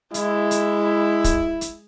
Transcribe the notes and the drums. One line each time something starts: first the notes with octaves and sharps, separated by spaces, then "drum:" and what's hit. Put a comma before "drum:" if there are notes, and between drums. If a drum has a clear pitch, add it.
G#3 E4, drum: hi-hat
drum: hi-hat
drum: kick, hi-hat
drum: hi-hat